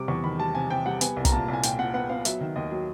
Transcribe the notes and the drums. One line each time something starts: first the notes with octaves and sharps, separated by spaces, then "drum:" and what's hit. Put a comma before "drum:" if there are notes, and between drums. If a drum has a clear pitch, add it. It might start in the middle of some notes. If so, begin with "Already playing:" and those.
Already playing: C3 G3 D6
E2 C#6
D#3 B5
G3 A5
C3 G#5
C3 G5
G3 F#5
B3 G#5, drum: hi-hat
C2
A#5, drum: kick, hi-hat
A#2 A5
C2
G#5
A#2 G5, drum: hi-hat
A#2 F#5
B3 F#5
B3 F5
F#3 E5, drum: hi-hat
D#3
D#2 D#5
F#3